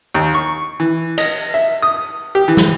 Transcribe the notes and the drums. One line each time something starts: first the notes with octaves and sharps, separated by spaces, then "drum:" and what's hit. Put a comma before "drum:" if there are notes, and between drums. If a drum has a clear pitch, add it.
D#2
C#6
E3
D#5, drum: cymbal
E5
D#6
G4
E3
drum: snare